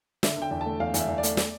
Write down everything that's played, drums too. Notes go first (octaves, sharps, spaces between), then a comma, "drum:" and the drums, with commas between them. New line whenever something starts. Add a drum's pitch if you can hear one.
D3 E5, drum: snare
D3 G5
E2
A3 A5
E2 F5
E2, drum: hi-hat
E5
E2
D5
A3, drum: hi-hat
drum: snare